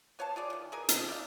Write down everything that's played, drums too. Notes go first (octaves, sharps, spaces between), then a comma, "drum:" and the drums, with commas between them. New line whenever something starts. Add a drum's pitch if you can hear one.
B3 C#5 F5 A5
F4 G#4 D5
D#3 E3
B2 G#4 A#4 G#5
D#3 B3 C4 D#4, drum: hi-hat
D5 E5 F5